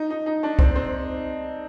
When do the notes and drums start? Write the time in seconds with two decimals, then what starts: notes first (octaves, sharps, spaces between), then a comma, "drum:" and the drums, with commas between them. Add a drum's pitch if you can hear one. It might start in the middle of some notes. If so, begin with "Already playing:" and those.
Already playing: D#4
0.10 D#4
0.26 D#4
0.43 D4
0.59 C4, drum: kick
0.75 C4